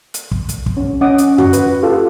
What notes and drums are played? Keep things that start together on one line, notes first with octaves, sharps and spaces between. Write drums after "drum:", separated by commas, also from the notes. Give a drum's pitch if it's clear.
drum: hi-hat
drum: kick
drum: hi-hat
drum: kick
C#4
C#4 D#5 F#5 D6 D#6
drum: hi-hat
F#4, drum: tom F2
B4, drum: hi-hat
F4 G4 A4 F5